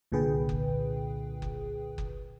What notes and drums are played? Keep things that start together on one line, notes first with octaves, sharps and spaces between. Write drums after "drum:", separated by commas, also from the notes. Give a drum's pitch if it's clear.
C2 A#2 D3 G#4 B4 G5
drum: kick F#1
drum: kick F#1
drum: kick F#1